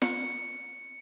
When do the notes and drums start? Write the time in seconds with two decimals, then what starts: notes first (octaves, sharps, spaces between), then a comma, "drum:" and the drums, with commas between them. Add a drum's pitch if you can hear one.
0.02 C#7, drum: snare